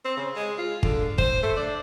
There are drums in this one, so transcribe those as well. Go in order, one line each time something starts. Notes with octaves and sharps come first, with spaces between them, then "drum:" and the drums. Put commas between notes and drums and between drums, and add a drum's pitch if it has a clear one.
C4
C#3
G#3
F4
D3, drum: kick
C5, drum: kick
A3
D4